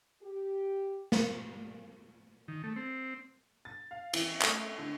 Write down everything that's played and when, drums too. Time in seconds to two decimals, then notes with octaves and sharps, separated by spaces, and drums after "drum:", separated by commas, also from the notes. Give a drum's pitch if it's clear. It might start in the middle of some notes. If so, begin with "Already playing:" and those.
0.23 G4
1.12 drum: snare
2.48 D#3
2.64 A3
2.76 C4
3.65 A6
3.91 F5
4.13 E3, drum: cymbal
4.41 A3, drum: clap
4.78 D3